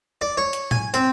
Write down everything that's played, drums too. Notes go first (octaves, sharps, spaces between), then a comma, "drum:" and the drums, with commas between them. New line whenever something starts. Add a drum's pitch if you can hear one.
D5
C#5
drum: hi-hat
G#5, drum: tom A2
C4, drum: hi-hat